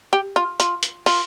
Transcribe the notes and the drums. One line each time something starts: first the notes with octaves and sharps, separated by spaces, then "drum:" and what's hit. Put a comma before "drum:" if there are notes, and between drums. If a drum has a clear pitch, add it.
G4
F4
F4, drum: hi-hat
drum: hi-hat
F4, drum: open hi-hat